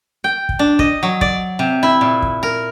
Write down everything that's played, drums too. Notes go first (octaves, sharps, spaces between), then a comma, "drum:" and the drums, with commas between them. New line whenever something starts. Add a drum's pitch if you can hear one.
G5
drum: kick
D4
D#5, drum: kick
F#3
D5, drum: kick
C3
E4
A#2
drum: kick
A#4